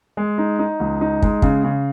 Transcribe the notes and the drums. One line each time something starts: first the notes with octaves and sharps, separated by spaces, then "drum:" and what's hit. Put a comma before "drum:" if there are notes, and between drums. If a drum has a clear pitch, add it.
G#3
D#4
D#4
C#2
D#4
G#3, drum: kick
C#3, drum: kick
C#3